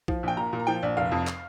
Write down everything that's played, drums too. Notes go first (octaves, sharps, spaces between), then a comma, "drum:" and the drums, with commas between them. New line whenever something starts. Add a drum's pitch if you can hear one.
F3, drum: kick A#1
A#1 G5
A#2 A#5
A#2
A#5
F3 G5
A#1 D5
F1 F5
F2
drum: clap